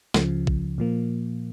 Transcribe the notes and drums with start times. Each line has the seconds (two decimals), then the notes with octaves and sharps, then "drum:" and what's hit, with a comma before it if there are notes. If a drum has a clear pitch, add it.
0.14 C#2 C#3 F3, drum: snare
0.47 drum: kick A#1
0.78 A#2 F3 A#3